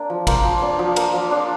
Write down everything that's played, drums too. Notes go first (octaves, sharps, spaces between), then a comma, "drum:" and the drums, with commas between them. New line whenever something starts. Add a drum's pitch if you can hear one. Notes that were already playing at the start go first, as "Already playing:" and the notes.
Already playing: A#3 D4
F3
A#3 C5, drum: kick A1, cymbal
F3
D4
F3
A#3, drum: cymbal
F3
D4